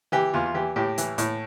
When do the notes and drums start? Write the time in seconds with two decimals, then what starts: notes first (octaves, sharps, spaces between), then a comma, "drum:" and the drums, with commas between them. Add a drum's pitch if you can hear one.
0.12 E3 G4
0.34 E2 F4
0.46 F4
0.54 E3 G4
0.76 A2 G4
0.98 E3, drum: hi-hat
1.18 A2, drum: hi-hat